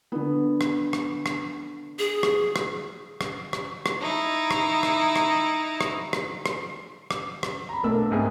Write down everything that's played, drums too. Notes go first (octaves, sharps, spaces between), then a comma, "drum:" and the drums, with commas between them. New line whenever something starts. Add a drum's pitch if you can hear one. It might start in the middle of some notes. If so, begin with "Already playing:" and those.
D3 B3
drum: rim click
drum: rim click
drum: rim click
G#4
drum: rim click
drum: rim click
drum: rim click
drum: rim click
drum: rim click
D#4 E4
drum: rim click
drum: rim click
drum: rim click
drum: rim click
drum: rim click
drum: rim click
drum: rim click
drum: rim click
A#5 B5
B1 A3 B3 D4 A#4 E6
C2 G#2 G#4